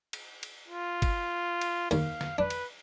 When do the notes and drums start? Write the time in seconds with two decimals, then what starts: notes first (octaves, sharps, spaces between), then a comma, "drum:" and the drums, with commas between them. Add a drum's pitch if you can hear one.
0.13 drum: cymbal
0.43 drum: cymbal
0.68 F4
1.02 drum: kick, cymbal
1.61 drum: cymbal
1.91 D#2 F5, drum: cymbal
2.21 drum: snare
2.38 D4 B4
2.50 drum: cymbal